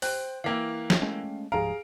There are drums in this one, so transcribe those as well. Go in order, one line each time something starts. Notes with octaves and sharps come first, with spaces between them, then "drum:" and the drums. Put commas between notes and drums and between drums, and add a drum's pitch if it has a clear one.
C5 G5 F#6, drum: open hi-hat
E3 A#3 E4 F5 G5
drum: snare
G#3 A3 C#4
D1 G#2 F3 G#4 F5 A#5 D7